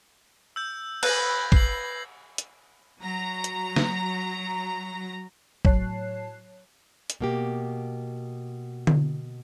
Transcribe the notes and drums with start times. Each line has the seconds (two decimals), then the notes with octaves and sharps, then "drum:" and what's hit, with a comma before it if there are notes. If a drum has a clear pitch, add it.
0.56 E6 G6
1.03 B4 G6 G#6 A#6, drum: cymbal
1.52 C7 F#7, drum: kick
2.38 drum: hi-hat
3.02 F#3 A#5
3.44 drum: hi-hat
3.76 drum: snare
5.65 A2 F#3 C#5 A5 F#6 C7, drum: kick
7.10 drum: hi-hat
7.21 B2 A#3 G4
8.87 drum: tom D3